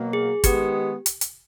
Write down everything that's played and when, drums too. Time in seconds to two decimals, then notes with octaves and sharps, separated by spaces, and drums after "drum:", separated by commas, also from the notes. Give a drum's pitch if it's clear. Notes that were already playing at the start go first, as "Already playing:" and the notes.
Already playing: B2 F#3 A#3
0.13 G#4
0.44 D#3 G#3 B3 G4, drum: kick, hi-hat
1.06 drum: hi-hat
1.21 drum: hi-hat